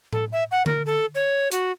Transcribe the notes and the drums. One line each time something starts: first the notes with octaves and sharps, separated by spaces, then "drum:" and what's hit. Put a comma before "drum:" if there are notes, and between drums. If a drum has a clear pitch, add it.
A4, drum: tom A2
E5
F#5
A#4, drum: tom D3
A4
C#5
F#4, drum: hi-hat